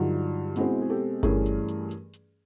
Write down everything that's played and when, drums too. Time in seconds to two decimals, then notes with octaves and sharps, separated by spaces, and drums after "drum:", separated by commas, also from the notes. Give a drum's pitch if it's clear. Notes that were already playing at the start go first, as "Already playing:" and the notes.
Already playing: G2 D3 F#3 D#4 F4
0.56 B2 G#3 C4 E4 F#4, drum: hi-hat
0.82 G#4
0.90 G4 A4
1.23 G2 E3 A3 C#4 G#4 A#4, drum: kick G1, hi-hat
1.46 drum: hi-hat
1.68 drum: hi-hat
1.91 drum: hi-hat
2.13 drum: hi-hat